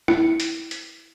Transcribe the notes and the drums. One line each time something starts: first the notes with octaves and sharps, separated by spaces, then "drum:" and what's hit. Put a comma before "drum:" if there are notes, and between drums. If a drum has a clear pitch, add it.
E4 C#7, drum: rim click
drum: hi-hat
drum: hi-hat